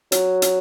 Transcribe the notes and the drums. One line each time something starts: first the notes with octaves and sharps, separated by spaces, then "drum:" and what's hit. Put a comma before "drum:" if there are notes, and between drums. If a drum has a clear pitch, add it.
F#3, drum: hi-hat
drum: hi-hat